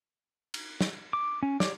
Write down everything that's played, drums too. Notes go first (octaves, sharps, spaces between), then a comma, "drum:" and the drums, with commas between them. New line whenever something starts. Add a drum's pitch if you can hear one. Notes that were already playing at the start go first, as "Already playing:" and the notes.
drum: cymbal
drum: snare
D6
C#4
G4 C#5 D5, drum: snare